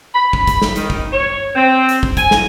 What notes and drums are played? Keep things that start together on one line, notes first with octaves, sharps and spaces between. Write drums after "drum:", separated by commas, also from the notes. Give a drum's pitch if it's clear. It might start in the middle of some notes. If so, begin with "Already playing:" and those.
B5
drum: kick
drum: kick, hi-hat
drum: snare
D#3, drum: hi-hat
drum: kick
C#5
C4
drum: hi-hat
drum: kick
G#5, drum: kick, hi-hat
drum: snare